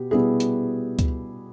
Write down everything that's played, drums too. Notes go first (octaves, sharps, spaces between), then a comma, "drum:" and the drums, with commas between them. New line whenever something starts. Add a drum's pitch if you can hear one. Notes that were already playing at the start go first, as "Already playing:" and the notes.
Already playing: B2 B3 G4
B2 G3 B3 E4 G#4
drum: hi-hat
drum: kick C#2, hi-hat